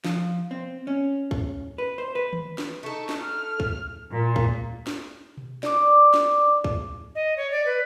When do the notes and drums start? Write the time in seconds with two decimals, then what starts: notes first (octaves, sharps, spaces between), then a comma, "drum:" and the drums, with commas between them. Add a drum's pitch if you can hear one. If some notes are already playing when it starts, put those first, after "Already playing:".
0.05 F3, drum: snare
0.51 C4
0.87 C#4
1.31 drum: kick
1.78 B4
1.98 C5
2.15 B4
2.33 drum: tom D#3
2.58 drum: snare
2.83 A3 D#4 A4 C#6
3.09 drum: snare
3.19 F6
3.60 drum: kick
4.12 A#2
4.36 drum: kick
4.87 drum: snare
5.37 drum: tom B2
5.63 D5 D6, drum: snare
6.14 drum: snare
6.64 drum: kick
7.15 D#5
7.37 C#5
7.51 D5
7.66 B4